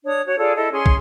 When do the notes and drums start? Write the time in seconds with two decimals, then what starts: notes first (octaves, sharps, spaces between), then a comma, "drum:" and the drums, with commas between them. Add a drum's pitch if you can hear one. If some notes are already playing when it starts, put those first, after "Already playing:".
0.05 D4 C#5 D#6
0.26 F#4 C#5
0.39 F4 G#4 A4 D5
0.55 E4 A4 D#5
0.72 C#4 G#4 C6
0.86 drum: kick